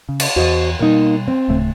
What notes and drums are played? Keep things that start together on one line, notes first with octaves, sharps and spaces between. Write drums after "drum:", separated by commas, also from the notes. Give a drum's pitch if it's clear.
C#3
drum: cymbal
E2 F#4 C5 D#5
B2 G3 A#3 D#4
C4
D1 C#3 A3